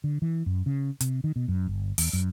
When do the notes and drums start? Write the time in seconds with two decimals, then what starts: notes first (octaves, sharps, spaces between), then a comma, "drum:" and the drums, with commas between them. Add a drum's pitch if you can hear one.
0.04 D3
0.22 E3
0.46 F#2
0.66 C#3
1.01 C3, drum: hi-hat
1.24 D#3
1.36 B2
1.48 F#2
1.67 G1
1.98 E2, drum: open hi-hat
2.13 F#2